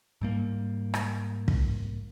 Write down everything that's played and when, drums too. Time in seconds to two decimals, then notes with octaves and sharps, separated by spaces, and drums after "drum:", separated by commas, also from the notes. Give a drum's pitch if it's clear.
0.21 G#2 G3 A#3
0.94 drum: rim click
1.48 drum: kick